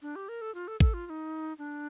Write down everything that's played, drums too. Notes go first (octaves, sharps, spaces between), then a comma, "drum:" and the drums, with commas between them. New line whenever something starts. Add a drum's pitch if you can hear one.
D4
G4
A#4
A4
F4
A4
A4, drum: kick
F4
F4
D#4
D4